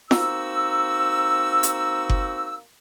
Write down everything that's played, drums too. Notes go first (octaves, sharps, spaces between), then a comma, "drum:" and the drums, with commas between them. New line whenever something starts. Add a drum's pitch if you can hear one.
A#3 C4 D#4 F#4 E6, drum: snare
drum: hi-hat
drum: kick F#1